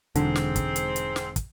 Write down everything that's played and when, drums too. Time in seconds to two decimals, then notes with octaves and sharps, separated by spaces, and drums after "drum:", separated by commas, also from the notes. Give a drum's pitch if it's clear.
0.15 E1 G#2 D3 C4, drum: hi-hat
0.36 drum: snare
0.56 drum: kick, hi-hat
0.76 drum: hi-hat
0.96 drum: hi-hat
1.16 drum: snare
1.36 drum: kick, hi-hat